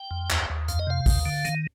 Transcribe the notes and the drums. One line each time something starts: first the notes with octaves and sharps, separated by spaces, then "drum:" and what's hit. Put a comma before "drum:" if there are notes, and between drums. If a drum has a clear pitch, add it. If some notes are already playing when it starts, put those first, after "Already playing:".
Already playing: G5
F2
D#2, drum: clap
D#2
F2 F5, drum: hi-hat
D#5
C3 F5
D#2, drum: kick, open hi-hat
D3
D#3, drum: hi-hat